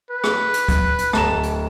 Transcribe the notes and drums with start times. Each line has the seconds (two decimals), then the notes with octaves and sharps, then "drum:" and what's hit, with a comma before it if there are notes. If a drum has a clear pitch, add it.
0.11 B4
0.24 drum: rim click
0.54 drum: hi-hat
0.69 drum: kick D2, hi-hat
0.98 drum: hi-hat
1.13 D1 A5 A#5 E7, drum: rim click
1.43 drum: hi-hat